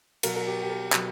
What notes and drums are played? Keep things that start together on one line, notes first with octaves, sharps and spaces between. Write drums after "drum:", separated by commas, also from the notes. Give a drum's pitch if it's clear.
B2 F#3 A#4, drum: cymbal
A#4
G4
G4
A#4
B2 F#3, drum: clap